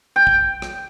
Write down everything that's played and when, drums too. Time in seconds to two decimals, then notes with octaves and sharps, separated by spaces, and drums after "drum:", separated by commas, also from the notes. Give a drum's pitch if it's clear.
0.16 G5
0.27 drum: kick
0.62 drum: rim click